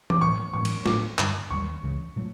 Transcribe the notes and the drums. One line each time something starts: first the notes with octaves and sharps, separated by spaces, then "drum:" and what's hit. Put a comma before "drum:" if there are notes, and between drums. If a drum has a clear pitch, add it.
D6, drum: tom E3
A2 F3 A#3 C#6
A2 E3 G#3 B3 C#6
drum: cymbal
A2 F#3 B3 D4 D6, drum: snare
G2 D3 G3, drum: clap
D#2 D#3 G3 C#6
C#2 C#3 E3
A#2 F#3 A3